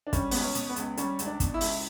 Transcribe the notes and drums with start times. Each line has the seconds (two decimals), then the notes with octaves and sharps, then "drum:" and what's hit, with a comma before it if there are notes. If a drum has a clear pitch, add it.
0.07 D4
0.13 G3 C#4, drum: kick, hi-hat
0.31 C#2 B3, drum: open hi-hat
0.41 C#4
0.55 B2, drum: hi-hat
0.70 B3
0.76 C#2, drum: hi-hat
0.97 G3 C#4, drum: hi-hat
1.19 C#2, drum: hi-hat
1.26 D4
1.40 B2, drum: kick, hi-hat
1.54 E4
1.61 C#2, drum: open hi-hat